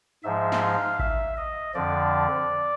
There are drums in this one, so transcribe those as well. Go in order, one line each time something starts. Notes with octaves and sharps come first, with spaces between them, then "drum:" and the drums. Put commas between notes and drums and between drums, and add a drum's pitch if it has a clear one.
G#2 F3 G#3 E5
drum: snare
F5
E5, drum: kick G#1
D#5
F2 D3 F3 D5